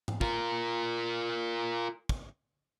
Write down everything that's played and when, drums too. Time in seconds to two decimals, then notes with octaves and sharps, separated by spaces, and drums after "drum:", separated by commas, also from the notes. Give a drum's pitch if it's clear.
0.08 drum: tom G#2
0.21 F4 A#4, drum: kick
2.09 drum: kick